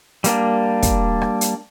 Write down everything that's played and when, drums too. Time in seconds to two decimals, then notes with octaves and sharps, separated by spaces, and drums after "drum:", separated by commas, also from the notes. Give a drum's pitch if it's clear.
0.24 G3 A#3 D4, drum: hi-hat
0.83 drum: kick, hi-hat
1.21 drum: rim click
1.41 drum: hi-hat